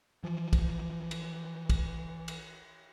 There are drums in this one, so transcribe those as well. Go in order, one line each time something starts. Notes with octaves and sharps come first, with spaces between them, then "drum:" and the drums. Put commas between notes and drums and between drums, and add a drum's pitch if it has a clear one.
E3 F3
drum: kick, cymbal
drum: cymbal
drum: kick, cymbal
drum: cymbal